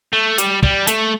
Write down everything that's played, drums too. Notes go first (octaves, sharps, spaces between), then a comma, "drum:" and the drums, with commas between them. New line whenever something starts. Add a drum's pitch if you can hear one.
A3
G3, drum: hi-hat
G3, drum: kick
A3, drum: hi-hat